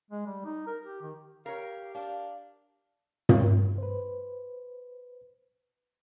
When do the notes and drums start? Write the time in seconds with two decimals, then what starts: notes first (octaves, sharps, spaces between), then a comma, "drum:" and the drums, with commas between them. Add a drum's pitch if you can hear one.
0.11 G#3
0.26 G3
0.45 D#4
0.67 A#4
0.85 G4
1.02 D#3
1.46 G4 A#4 C#5 F5
1.95 D4 F5
3.29 drum: tom
3.78 B4 C5